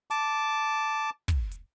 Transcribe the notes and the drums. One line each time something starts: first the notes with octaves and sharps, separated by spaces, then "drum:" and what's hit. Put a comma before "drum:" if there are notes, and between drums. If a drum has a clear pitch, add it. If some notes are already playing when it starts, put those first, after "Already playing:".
A5 D6, drum: hi-hat
drum: kick, hi-hat
drum: hi-hat